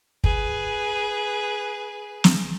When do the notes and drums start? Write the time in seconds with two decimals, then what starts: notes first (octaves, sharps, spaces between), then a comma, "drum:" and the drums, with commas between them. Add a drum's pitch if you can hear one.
0.24 G#4 B4, drum: kick
2.24 drum: snare